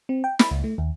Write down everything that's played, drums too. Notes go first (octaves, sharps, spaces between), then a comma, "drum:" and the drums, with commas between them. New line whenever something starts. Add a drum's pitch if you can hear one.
C4
G5
B5, drum: snare
C#2
A3
D#2